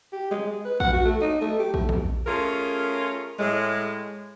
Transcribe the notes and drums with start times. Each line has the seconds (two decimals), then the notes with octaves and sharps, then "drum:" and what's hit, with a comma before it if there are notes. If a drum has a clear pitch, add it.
0.13 G4
0.31 G#3
0.47 G#3
0.65 B4
0.80 F#5, drum: kick
0.93 F#4
1.05 A3
1.21 D#4
1.41 A3
1.60 G4
1.74 A3, drum: kick
1.89 drum: kick
2.27 A3 C#4 F4 G#4 A#4
3.39 A2 G#3